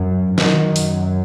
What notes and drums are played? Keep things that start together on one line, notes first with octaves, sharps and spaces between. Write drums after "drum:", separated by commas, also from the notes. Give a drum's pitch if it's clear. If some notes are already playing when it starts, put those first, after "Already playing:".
Already playing: F#2
F#2 D#3, drum: snare
drum: open hi-hat